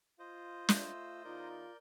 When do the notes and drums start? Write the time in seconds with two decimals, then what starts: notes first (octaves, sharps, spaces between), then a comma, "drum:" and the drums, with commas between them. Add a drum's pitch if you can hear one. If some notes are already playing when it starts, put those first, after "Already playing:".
0.19 F4 C5 D#5
0.69 A3 E6, drum: snare
1.24 E2 D#4 F4 A#4 D5 G6